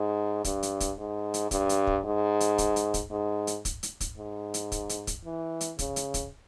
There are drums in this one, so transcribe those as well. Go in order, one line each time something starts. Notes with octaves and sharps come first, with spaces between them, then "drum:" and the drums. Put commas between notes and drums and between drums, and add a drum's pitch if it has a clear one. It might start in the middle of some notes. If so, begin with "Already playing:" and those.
Already playing: G#2
G2, drum: kick, hi-hat
drum: hi-hat
drum: kick, hi-hat
G#2
drum: hi-hat
G2, drum: kick, hi-hat
drum: hi-hat
drum: kick
G#2
drum: hi-hat
drum: kick, hi-hat
drum: hi-hat
drum: kick, hi-hat
G#2
drum: hi-hat
drum: kick, hi-hat
drum: hi-hat
drum: kick, hi-hat
G#2
drum: hi-hat
drum: kick, hi-hat
drum: hi-hat
drum: kick, hi-hat
E3
drum: hi-hat
C#3, drum: kick, hi-hat
drum: hi-hat
drum: kick, hi-hat